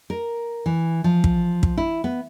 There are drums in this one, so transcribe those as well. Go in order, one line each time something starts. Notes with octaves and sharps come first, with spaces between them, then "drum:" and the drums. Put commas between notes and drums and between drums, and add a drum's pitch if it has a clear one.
A#4
E3
F3
drum: kick
drum: kick
E4
B3